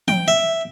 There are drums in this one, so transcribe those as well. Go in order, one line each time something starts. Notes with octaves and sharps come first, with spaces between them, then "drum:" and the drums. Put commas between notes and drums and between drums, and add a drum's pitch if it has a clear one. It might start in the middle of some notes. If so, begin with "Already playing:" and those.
G5, drum: tom
E5